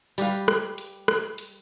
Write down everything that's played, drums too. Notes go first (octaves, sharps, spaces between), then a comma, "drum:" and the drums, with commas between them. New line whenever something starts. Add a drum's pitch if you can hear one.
G3 G4 B4 F5, drum: open hi-hat
drum: rim click
drum: hi-hat
drum: rim click
drum: hi-hat